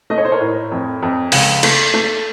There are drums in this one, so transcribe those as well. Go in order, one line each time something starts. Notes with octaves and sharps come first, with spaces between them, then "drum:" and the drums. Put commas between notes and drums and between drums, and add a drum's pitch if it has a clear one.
A3 D#5
C#5
C5
A#4 C#5
A2
F2
F2
C#2, drum: open hi-hat
A3, drum: cymbal
A3